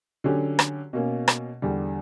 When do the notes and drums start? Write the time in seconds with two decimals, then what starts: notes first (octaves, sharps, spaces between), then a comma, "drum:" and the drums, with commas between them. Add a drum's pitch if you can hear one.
0.24 D3 F#3 C#4 G4
0.59 drum: rim click
0.93 B2 A#3 C#4
1.28 drum: rim click
1.62 E2 D3 G3